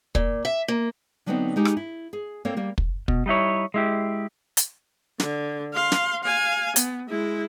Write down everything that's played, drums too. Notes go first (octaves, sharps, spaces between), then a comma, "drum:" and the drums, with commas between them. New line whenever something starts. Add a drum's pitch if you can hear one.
A#2, drum: kick
E5
A#3
D3 F#3 G3 B3 C4 D#4
G#3 D#4 G4 G#4
drum: rim click
E4
G#4
A#3 C4 A4 C#5
G3 A#3
drum: kick
B2, drum: kick
G3 D#4 E4 C#5
G#3 E4 G4
drum: hi-hat
D3, drum: snare
F5 C6
drum: snare
F5 G#5
B3, drum: hi-hat
G#3 E4